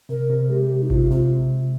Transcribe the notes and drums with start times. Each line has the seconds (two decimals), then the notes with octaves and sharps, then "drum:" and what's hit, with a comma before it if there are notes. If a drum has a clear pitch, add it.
0.09 C3 A#4
0.30 C3
0.50 G#3 G4
0.70 C3
0.82 D#4
0.90 C3 F4, drum: kick G#1
1.11 C3 F4